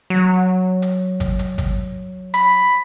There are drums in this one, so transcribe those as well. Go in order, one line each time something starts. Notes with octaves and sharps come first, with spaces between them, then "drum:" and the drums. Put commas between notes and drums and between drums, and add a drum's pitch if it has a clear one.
F#3
drum: hi-hat
drum: kick G#1, hi-hat
drum: hi-hat
drum: kick G#1, hi-hat
B5, drum: hi-hat